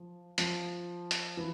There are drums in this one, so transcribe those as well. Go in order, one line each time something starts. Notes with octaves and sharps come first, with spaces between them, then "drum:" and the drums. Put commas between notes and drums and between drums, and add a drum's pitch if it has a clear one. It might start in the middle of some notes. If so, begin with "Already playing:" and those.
Already playing: F3
F3, drum: hi-hat
drum: hi-hat
E3